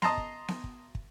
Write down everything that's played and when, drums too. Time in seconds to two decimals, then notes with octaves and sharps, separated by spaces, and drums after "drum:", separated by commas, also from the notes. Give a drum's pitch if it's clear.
0.02 D#5 A5 A#5 C6, drum: snare B3
0.17 drum: kick
0.48 drum: snare B3
0.64 drum: kick
0.95 drum: kick